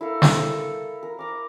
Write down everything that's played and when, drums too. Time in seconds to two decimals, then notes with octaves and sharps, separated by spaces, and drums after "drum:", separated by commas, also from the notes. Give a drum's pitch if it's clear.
0.01 E4 A4 A#4 F5
0.22 drum: snare
1.03 A#4
1.19 A#4 A#5 D6